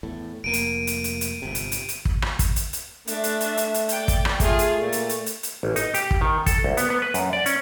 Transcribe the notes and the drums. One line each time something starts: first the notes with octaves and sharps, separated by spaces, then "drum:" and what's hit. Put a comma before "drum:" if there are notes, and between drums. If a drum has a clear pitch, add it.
E2 A2
F1 A#3 D7 D#7
drum: hi-hat
drum: hi-hat
drum: hi-hat
drum: hi-hat
G1 C3
drum: hi-hat
drum: hi-hat
drum: hi-hat
drum: kick
drum: rim click
drum: kick, hi-hat
drum: hi-hat
drum: hi-hat
A3 D4 E5, drum: hi-hat
drum: hi-hat
drum: hi-hat
drum: hi-hat
drum: hi-hat
D5 G5, drum: hi-hat
drum: kick, hi-hat
drum: rim click
A3 F4 G#4, drum: kick, hi-hat
drum: hi-hat
A#2 A3
drum: hi-hat
drum: hi-hat
drum: hi-hat
drum: hi-hat
A1
D#4, drum: hi-hat
G4, drum: hi-hat
drum: kick
D#3
A4, drum: kick, hi-hat
C2
B3, drum: hi-hat
B3
B4
F#2, drum: hi-hat
D5
C#4, drum: hi-hat